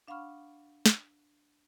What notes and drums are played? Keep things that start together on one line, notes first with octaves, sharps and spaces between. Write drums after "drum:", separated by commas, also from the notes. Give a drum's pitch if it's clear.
D4 F5 F#5 B5 C#6 F6
drum: snare